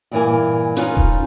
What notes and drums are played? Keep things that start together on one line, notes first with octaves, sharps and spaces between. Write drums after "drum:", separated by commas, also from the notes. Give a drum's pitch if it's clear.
G2 A#2 E3 E4 A#4 G#5
C#4 D#4 F4 A4 B4, drum: hi-hat
drum: kick D#1